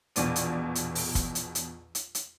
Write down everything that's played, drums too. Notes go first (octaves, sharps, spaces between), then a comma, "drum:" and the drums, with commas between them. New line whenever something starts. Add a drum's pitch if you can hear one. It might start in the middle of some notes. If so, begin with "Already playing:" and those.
A#1 E2 B2 D5 D#7, drum: hi-hat
drum: hi-hat
drum: hi-hat
drum: open hi-hat
drum: kick, hi-hat
drum: hi-hat
drum: hi-hat
drum: hi-hat
drum: hi-hat